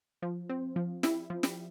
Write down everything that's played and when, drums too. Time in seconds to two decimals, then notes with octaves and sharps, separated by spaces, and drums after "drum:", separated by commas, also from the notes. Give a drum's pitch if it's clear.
0.22 F3
0.49 C4
0.76 F3
1.03 E4, drum: snare
1.30 F3
1.43 drum: snare